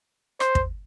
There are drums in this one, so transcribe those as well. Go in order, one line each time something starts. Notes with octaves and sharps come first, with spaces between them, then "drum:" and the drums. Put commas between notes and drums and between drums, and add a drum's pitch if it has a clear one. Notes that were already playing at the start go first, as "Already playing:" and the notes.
C5, drum: rim click
drum: kick